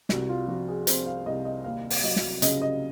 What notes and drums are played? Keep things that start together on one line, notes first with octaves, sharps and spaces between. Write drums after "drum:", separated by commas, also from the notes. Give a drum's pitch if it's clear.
C2 F#4, drum: snare
F4
F3 F#4
G#4
C3 C5, drum: hi-hat
F5
C2 D#5
D#5
D#2 F5
drum: open hi-hat
F#3 D#5
drum: snare
C#3 D#5, drum: hi-hat
D#5